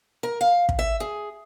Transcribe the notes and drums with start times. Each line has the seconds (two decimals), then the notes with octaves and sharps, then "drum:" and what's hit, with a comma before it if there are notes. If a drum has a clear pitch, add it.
0.23 A#4
0.41 F5
0.69 drum: kick
0.79 E5
1.00 G#4